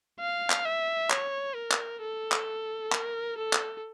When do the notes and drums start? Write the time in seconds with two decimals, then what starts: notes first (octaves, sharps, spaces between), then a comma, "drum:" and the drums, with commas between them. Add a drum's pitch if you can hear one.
0.20 F5
0.50 drum: clap
0.65 E5
1.10 C#5, drum: clap
1.56 A#4
1.71 drum: clap
2.02 A4
2.32 drum: clap
2.92 A#4, drum: clap
3.38 A4
3.53 drum: clap